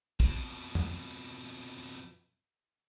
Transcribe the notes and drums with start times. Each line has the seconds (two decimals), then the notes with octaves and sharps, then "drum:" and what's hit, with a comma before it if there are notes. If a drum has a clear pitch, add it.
0.20 F2 B2, drum: kick
0.75 drum: tom